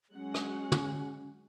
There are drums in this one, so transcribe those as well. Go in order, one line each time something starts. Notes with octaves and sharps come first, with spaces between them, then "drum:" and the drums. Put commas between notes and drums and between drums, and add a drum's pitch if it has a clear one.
F#3 G#3 C#4 F#5
drum: rim click
drum: tom